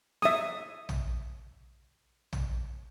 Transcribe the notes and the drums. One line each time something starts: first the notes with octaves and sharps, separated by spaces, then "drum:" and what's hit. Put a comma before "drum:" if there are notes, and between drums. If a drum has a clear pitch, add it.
E5 D#6, drum: snare
drum: tom A#1
drum: tom A#1